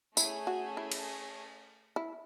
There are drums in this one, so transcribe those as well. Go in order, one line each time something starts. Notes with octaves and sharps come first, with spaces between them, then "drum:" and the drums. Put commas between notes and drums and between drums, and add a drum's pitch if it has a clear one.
A3 C#4 E4 G#4, drum: tambourine
F#4
E4
drum: cymbal
E4